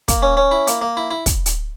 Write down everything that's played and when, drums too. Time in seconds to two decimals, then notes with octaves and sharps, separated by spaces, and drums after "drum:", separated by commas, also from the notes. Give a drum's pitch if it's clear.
0.08 A#3, drum: kick, hi-hat
0.22 C#4
0.37 C#4
0.51 E4
0.67 A#3, drum: hi-hat
0.82 A#3
0.97 E4
1.11 E4
1.26 drum: kick, hi-hat
1.46 drum: hi-hat